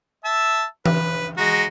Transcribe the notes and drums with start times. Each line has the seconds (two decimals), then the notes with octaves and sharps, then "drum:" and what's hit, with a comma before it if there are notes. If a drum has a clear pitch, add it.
0.24 E5 A5 E6
0.86 B4, drum: tom E3
1.37 G#3 F#4 A#5